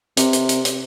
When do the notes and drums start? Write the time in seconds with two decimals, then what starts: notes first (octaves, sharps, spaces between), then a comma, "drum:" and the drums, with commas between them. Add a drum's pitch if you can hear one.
0.17 C3, drum: hi-hat
0.33 drum: hi-hat
0.49 drum: hi-hat
0.65 drum: hi-hat